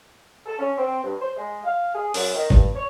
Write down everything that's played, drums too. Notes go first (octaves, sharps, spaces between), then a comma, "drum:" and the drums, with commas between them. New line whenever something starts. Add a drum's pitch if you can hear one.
A4
C#4
C4
G2
C5
G#3
F5
G#4
F#2, drum: open hi-hat
D#3
G2, drum: kick G1
C#5